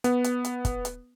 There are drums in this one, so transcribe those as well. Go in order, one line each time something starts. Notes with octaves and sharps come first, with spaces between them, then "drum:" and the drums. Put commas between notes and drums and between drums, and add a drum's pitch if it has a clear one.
B3, drum: hi-hat
drum: hi-hat
drum: hi-hat
drum: kick, hi-hat
drum: hi-hat